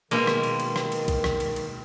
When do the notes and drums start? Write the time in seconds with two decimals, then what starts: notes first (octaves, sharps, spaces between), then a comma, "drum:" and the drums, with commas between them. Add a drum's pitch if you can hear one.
0.11 B2 D#3 G#3 A#3, drum: cymbal
0.27 drum: rim click
0.44 drum: cymbal
0.60 drum: cymbal
0.76 drum: rim click
0.92 drum: cymbal
1.08 drum: kick B1, cymbal
1.24 drum: rim click
1.40 drum: cymbal
1.56 drum: cymbal